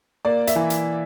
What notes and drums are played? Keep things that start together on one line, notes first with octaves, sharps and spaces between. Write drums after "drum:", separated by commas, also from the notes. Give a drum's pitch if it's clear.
A#3 D5
E5, drum: hi-hat
E3
drum: hi-hat